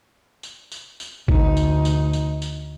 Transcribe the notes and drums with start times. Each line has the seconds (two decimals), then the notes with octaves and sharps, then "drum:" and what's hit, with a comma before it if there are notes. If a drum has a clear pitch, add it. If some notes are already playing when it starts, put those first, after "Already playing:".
0.43 drum: tambourine
0.72 drum: tambourine
1.00 drum: tambourine
1.28 D2 D#4, drum: kick
1.57 drum: tambourine
1.85 drum: tambourine
2.13 drum: tambourine
2.42 drum: tambourine